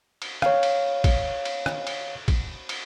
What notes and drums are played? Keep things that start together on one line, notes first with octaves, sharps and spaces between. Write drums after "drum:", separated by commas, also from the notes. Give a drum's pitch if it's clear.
drum: cymbal
C#5 F5, drum: rim click
drum: cymbal
drum: kick, cymbal
drum: cymbal
drum: rim click
drum: cymbal
drum: kick, cymbal
drum: cymbal